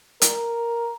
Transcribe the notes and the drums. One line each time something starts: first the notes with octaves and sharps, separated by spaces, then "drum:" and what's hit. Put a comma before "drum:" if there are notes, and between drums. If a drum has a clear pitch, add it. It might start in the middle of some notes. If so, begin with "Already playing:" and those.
A#4, drum: hi-hat